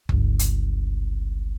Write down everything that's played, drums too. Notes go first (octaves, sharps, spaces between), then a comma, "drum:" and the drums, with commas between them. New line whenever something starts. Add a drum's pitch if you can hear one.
G1 C#2, drum: kick F#1
drum: hi-hat